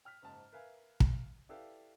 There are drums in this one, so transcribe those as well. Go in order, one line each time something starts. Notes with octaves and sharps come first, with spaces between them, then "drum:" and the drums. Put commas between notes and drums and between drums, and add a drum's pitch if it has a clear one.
G5 F6 F#6 B6
F#1 G#2 A5
A#4 B4 E5 F5 G#5
drum: kick
E4 G4 A4 B4 D5 F5